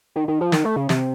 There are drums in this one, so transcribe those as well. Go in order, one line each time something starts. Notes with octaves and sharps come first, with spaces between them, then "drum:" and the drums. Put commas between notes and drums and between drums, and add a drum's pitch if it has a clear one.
D#3
D#3
F3
D#3, drum: snare
A3
C#3
C3, drum: snare